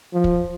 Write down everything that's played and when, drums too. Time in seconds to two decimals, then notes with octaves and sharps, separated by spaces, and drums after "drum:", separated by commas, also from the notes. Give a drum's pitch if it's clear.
0.13 F3
0.24 drum: kick